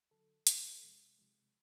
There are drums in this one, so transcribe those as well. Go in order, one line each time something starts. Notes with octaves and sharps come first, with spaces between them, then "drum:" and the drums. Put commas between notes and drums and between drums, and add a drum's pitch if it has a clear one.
D3 F#3 A4
D3 F#3, drum: hi-hat
C3 F3 G#3
C3 F3 G#3